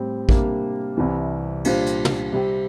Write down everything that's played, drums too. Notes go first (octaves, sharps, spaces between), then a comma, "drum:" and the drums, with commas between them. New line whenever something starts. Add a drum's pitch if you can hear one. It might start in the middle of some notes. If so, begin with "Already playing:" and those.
Already playing: A2 G3 C4
C3 G3 A#3 D4, drum: kick A1
C2 C3 E3 G3
A#2 G3 D4 F4 C5, drum: cymbal
drum: hi-hat
drum: tom
C3 G3 C4 G4